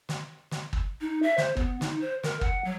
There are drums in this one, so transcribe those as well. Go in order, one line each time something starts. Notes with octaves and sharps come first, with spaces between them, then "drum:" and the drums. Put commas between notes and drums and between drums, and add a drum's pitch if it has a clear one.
drum: snare
drum: snare
drum: kick
D#4
E5
C5, drum: snare
B3, drum: kick
D#4, drum: snare
C5
A#4, drum: snare
F#5, drum: kick
F#3